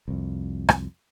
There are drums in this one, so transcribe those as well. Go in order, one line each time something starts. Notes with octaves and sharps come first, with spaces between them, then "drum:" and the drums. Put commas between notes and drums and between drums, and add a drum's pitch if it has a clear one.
C2 F2
drum: rim click